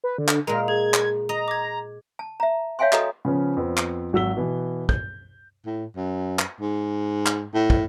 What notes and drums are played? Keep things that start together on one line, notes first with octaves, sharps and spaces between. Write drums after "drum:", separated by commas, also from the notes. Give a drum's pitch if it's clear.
B4
D3
drum: clap
A#2 G#3 A#4 A#5
G#4 G#6
drum: clap
D#5 A#5 F7
D6 G#6
A5
E5 A#5
C#5 E5 F5 G5 G#5 C6
F#4 A4 D#5 A#5 D#6, drum: clap
C#3 F3 B3 C#4
F2 B3 C4
drum: clap
G#1 F#3 F#5 E6 B6 G7
B2 E3
G6, drum: kick
A2
F#2
drum: clap
G#2
drum: clap
A2
drum: kick